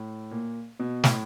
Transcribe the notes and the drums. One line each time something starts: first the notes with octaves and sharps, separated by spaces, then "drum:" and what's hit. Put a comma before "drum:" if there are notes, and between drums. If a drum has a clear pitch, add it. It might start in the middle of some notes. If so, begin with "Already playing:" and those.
Already playing: A2
A#2
B2
A2, drum: snare